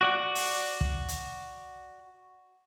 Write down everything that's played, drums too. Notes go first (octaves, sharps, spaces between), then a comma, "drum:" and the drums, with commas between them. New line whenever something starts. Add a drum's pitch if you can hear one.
F#4 D5 F#5
drum: open hi-hat
drum: kick
drum: hi-hat